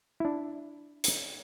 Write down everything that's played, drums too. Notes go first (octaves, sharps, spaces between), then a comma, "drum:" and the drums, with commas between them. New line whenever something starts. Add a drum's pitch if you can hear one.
D4 E4
drum: hi-hat